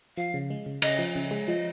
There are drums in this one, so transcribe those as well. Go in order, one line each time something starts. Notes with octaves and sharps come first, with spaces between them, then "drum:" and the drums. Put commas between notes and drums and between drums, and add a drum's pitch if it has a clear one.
F3 F5
C#3
G#3
C#3
C#3 D#5, drum: cymbal
F3
C#3
G#3
F3 D#5